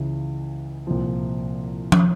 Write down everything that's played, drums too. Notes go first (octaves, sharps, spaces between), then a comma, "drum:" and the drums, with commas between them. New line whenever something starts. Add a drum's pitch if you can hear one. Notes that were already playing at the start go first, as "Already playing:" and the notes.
Already playing: C#2 C#3 E3
C2 A#2 F3
drum: tom